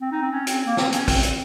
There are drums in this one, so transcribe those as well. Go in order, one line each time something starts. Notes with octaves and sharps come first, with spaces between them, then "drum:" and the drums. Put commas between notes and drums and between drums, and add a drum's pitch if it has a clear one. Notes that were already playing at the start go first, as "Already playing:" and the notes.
C4
D#4
C4
C#4
C4, drum: hi-hat
A#3
C4, drum: snare
C#4, drum: hi-hat
C4, drum: kick, open hi-hat
C4, drum: hi-hat